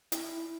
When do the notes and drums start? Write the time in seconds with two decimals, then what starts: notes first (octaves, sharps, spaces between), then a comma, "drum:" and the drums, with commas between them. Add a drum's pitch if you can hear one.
0.12 E4, drum: hi-hat